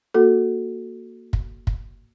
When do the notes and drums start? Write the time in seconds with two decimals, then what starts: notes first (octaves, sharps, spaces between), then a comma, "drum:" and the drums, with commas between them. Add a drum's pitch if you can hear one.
0.14 A#3 F#4 A4
1.33 drum: kick
1.67 drum: kick